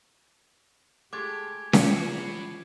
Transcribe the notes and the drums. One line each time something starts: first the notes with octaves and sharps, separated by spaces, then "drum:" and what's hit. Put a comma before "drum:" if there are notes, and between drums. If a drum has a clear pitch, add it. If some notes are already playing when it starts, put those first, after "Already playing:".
G#3 A3 G4 D6 G#6
B2 E3 G3 F4 F#4, drum: snare C#4